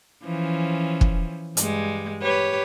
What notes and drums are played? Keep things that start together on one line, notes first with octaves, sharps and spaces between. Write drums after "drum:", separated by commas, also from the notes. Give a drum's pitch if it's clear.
E3 F3 C#4
drum: kick
G2 G#3, drum: hi-hat
G4 B4 C#5